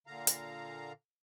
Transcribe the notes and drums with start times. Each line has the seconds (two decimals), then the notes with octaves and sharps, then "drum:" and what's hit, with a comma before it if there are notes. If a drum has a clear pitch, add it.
0.07 A#2 D3 F5 A#5
0.27 drum: hi-hat